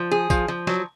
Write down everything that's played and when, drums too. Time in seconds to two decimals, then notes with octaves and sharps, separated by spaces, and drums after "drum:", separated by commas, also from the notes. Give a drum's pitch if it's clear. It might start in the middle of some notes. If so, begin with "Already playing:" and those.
Already playing: F3
0.11 G#4
0.30 F3, drum: kick, tambourine
0.48 F3
0.67 F#3, drum: snare